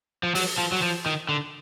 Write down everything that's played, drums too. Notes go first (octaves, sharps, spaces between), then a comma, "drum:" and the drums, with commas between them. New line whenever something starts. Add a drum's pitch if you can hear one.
F3
F#3, drum: open hi-hat
F3
F#3
F3
D#3
D3